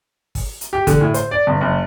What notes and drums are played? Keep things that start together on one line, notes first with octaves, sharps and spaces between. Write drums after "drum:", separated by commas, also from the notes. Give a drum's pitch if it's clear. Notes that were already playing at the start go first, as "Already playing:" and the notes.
drum: kick, open hi-hat
drum: hi-hat
G4
D3, drum: kick, hi-hat
A2
C5, drum: hi-hat
D5
G1
F#1